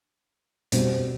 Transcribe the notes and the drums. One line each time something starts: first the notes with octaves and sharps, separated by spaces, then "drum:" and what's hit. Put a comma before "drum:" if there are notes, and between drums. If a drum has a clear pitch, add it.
B2 G3 C4 F#4, drum: hi-hat